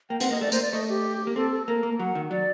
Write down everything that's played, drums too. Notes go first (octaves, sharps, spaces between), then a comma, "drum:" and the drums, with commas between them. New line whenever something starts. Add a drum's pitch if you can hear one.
A#3 G5
C4 F#5, drum: hi-hat
A#3 D#5
A3 D5
A#3 C5, drum: tambourine
D5
A3 D#5
G4
A#3
C4 A4
A4
A#3 A#4
A#3
F#3 F#5
D#3
F#3 D5